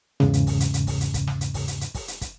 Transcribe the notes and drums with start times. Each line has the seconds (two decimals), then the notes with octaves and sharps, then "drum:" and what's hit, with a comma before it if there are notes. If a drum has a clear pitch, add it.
0.20 E2 G#2 C#3, drum: snare
0.33 drum: hi-hat
0.47 drum: kick, open hi-hat
0.60 drum: hi-hat
0.74 drum: hi-hat
0.87 drum: kick, open hi-hat
1.01 drum: hi-hat
1.14 drum: kick, hi-hat
1.27 drum: snare
1.41 drum: hi-hat
1.54 drum: kick, open hi-hat
1.68 drum: hi-hat
1.81 drum: hi-hat
1.95 drum: kick, open hi-hat
2.08 drum: hi-hat
2.21 drum: kick, hi-hat